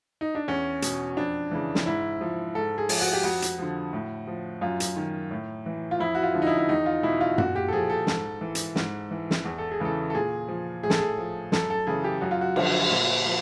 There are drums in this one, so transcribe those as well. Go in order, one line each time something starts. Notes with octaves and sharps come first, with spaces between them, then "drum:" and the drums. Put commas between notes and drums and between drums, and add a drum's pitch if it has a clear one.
D#4
D4
E2 C#4
B2, drum: hi-hat
F2 D4
C#3 E3
drum: snare
G#2 E4
F3
G#2 A4
G#4
F3, drum: open hi-hat
F#4
G4
F2 F#4
drum: hi-hat
D3 F3
A2
F3
F#2 F4
drum: hi-hat
D#3
A2
E3
F4
F2 E4
F#4
F4
D3 F3
D#4
E4
E4
E2 D#4
F4
B2 E4
F4
A#2 F#4, drum: tom F#2
G4
A4
F3 G#4
A4
G#2, drum: snare
E3
drum: hi-hat
G#2, drum: snare
E3
drum: snare
E2
A4
G#4
C#3 E3 A4
A4
A#2 G#4
F3
A2 G#4
A4, drum: snare
G#4
F3
F#2 A4, drum: snare
A4
C#3 E3 G#4
G4
F#2 F#4
F4
F#4
D3 F3, drum: cymbal
A#2
F3